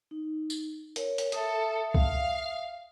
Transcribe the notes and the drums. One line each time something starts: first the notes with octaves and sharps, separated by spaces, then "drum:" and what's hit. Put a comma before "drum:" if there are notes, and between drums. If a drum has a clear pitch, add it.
D#4
drum: tambourine
A#4 C#5, drum: hi-hat
drum: hi-hat
A4 E5 D#6, drum: hi-hat
F5, drum: kick C2